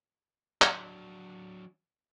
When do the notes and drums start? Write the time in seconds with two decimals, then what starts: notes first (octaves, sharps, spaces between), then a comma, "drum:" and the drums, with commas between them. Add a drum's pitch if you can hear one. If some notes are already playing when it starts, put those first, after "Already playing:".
0.62 F#3 D4, drum: clap